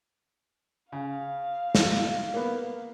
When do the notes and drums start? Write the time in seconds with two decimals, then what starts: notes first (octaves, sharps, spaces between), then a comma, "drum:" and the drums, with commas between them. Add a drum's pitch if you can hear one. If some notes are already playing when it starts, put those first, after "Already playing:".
0.92 C#3 F5
1.75 drum: snare
2.34 A#3 B3